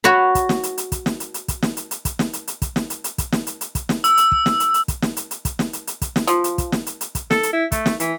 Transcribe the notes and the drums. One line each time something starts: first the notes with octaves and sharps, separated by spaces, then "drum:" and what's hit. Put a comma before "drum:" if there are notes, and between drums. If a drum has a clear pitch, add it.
F#4 C#5 B5
drum: kick, hi-hat
drum: snare
drum: hi-hat
drum: hi-hat
drum: kick, hi-hat
drum: snare
drum: hi-hat
drum: hi-hat
drum: kick, hi-hat
drum: snare
drum: hi-hat
drum: hi-hat
drum: kick, hi-hat
drum: snare
drum: hi-hat
drum: hi-hat
drum: kick, hi-hat
drum: snare
drum: hi-hat
drum: hi-hat
drum: kick, hi-hat
drum: snare
drum: hi-hat
drum: hi-hat
drum: kick, hi-hat
drum: snare
E6, drum: hi-hat
drum: hi-hat
drum: kick
drum: snare
drum: hi-hat
drum: hi-hat
drum: kick, hi-hat
drum: snare
drum: hi-hat
drum: hi-hat
drum: kick, hi-hat
drum: snare
drum: hi-hat
drum: hi-hat
drum: kick, hi-hat
drum: snare
F3, drum: hi-hat
drum: hi-hat
drum: kick, hi-hat
drum: snare
drum: hi-hat
drum: hi-hat
drum: kick, hi-hat
A4, drum: snare
drum: hi-hat
E4
A3, drum: kick, hi-hat
drum: snare
E3, drum: hi-hat